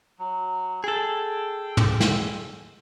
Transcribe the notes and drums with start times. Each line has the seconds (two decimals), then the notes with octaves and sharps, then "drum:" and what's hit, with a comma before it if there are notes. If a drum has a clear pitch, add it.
0.19 F#3
0.84 G#4 A4 G5
1.77 drum: tom
2.00 drum: snare